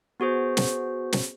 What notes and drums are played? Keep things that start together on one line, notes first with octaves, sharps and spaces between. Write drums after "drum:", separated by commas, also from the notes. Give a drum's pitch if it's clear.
B3 F#4 G#4 C5
drum: snare
drum: snare